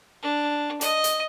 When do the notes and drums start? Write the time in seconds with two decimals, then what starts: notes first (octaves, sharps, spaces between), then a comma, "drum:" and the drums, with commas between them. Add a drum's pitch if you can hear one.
0.22 D4
0.81 D#5, drum: hi-hat
1.04 drum: hi-hat